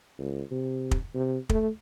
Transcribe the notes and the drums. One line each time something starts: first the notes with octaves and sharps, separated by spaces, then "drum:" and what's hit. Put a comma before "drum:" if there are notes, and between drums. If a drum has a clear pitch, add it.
C#2
C3
drum: kick
C3
A3, drum: kick